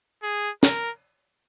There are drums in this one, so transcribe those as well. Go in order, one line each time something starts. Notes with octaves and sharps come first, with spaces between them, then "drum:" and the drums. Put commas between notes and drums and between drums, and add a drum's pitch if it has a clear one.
G#4
A#4, drum: snare